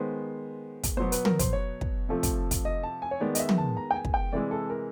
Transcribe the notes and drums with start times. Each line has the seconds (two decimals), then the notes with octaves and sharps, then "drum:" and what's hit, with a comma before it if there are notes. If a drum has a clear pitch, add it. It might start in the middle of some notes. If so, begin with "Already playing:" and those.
Already playing: D#3 G#3 B3 C5
0.83 drum: kick, hi-hat
0.97 B2 F#3 B3 C5
1.12 B4, drum: hi-hat
1.25 A#4, drum: tom
1.39 C5, drum: kick, hi-hat
1.53 C#5
1.81 drum: kick
2.09 C3 F3 A3
2.23 drum: kick, hi-hat
2.51 drum: kick, hi-hat
2.65 D#5
2.83 A5
3.02 G#5
3.11 C#5
3.20 D#3 G#3 B3 D5
3.35 D#5, drum: hi-hat
3.40 E5
3.49 drum: tom
3.58 A5
3.77 A#5
3.91 G5
3.95 G#5
4.05 drum: kick
4.14 G5
4.32 C3 E3 G#3 D5
4.51 A4
4.70 A#4